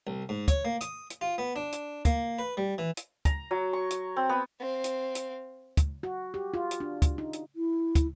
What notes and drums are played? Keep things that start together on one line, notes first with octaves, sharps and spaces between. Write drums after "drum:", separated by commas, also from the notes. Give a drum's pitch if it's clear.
C2
G#2
C#5, drum: kick, hi-hat
A#3
D#6, drum: hi-hat
drum: hi-hat
F4
B3
D4
drum: hi-hat
A#3, drum: kick, hi-hat
B4
G3
E3
drum: hi-hat
A#5, drum: kick, hi-hat
F#3
C#6
drum: hi-hat
C4
B3
C4 F5
drum: hi-hat
drum: hi-hat
drum: kick, hi-hat
F#4
G4
F4
drum: hi-hat
D4
drum: kick, hi-hat
D#4
drum: hi-hat
E4
drum: kick, hi-hat